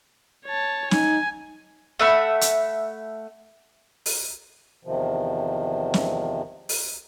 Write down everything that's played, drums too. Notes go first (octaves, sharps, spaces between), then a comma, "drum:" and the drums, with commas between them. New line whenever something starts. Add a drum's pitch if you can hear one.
C#5 A5
D#4 G#5, drum: snare
A3 E5 F#5 B5
drum: hi-hat
drum: open hi-hat
E2 C3 D#3 F3
drum: snare
drum: open hi-hat